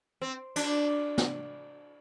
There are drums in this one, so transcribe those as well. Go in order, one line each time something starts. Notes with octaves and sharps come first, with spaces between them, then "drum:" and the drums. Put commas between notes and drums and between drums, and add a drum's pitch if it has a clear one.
C4
D4, drum: cymbal
drum: snare